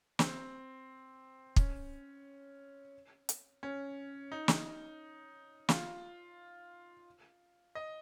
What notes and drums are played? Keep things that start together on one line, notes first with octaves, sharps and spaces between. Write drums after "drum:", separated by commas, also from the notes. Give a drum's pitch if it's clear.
C4, drum: snare
C#4, drum: kick
drum: hi-hat
C#4
D#4
drum: snare
F4, drum: snare
D#5